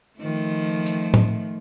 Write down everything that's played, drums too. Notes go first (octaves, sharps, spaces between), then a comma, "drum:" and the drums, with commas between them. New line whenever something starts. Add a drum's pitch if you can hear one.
D#3 F3 A3
drum: hi-hat
drum: tom A2